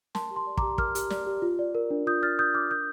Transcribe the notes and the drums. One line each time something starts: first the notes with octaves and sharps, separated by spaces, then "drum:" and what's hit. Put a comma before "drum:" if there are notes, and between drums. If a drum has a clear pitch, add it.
A#4 A5 C6, drum: snare
G4
A5 C6
D5
A#5 D6, drum: kick
G4
A#4 D6 F6, drum: kick
G4, drum: hi-hat
D5, drum: snare
G4
F4
D5
A#4
D4
F4 D#6 G6
D5 F6 A6
A#4 D#6 G6
D4 D6 F6
A#4 D#6 G6